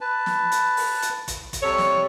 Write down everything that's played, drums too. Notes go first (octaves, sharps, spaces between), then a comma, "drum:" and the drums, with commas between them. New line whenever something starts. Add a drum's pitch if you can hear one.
B4 A5
drum: snare
drum: hi-hat
drum: open hi-hat
drum: hi-hat
drum: kick, hi-hat
drum: kick, hi-hat
C3 G3 A4 C#5
drum: snare